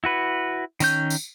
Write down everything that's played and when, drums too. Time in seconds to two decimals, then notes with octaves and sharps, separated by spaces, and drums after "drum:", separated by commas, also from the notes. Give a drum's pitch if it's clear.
0.04 E4 F#4 B4
0.80 D#3 C#4 G6, drum: tambourine
1.10 drum: tambourine